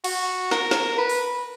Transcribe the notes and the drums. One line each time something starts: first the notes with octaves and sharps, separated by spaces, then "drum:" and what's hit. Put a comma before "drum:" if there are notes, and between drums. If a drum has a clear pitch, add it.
F#4, drum: cymbal
A#4, drum: snare
drum: snare
B4
drum: open hi-hat